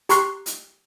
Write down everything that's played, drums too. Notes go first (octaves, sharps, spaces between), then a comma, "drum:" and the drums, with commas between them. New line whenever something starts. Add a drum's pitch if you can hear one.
G4 A#5 C6 C#6 F#6 C7, drum: hi-hat
drum: hi-hat